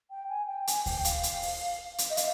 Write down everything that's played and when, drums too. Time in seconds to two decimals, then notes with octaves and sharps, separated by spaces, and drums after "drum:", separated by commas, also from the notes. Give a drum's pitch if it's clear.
0.11 G5
0.29 G#5
0.48 G5
0.67 G#5, drum: hi-hat
0.86 G5, drum: kick D2, open hi-hat
1.05 F5, drum: hi-hat
1.23 drum: hi-hat
1.42 drum: open hi-hat
1.98 drum: hi-hat
2.10 D#5
2.17 F5, drum: hi-hat